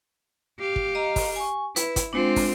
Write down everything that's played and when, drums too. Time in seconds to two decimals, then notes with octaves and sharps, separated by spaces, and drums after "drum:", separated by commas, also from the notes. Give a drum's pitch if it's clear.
0.59 G4 F5
0.76 drum: kick
0.95 D#5 A#5
1.16 drum: kick, open hi-hat
1.36 G#5 C#6
1.76 E4 B4, drum: hi-hat
1.96 drum: kick, hi-hat
2.13 G#3 C4 D4 F4
2.36 drum: kick, open hi-hat